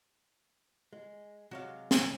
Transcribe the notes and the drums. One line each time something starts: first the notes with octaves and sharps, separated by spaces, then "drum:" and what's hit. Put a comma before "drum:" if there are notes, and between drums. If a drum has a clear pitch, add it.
G#3
C3 F#3 G#3 F#4 C#5 F5
drum: snare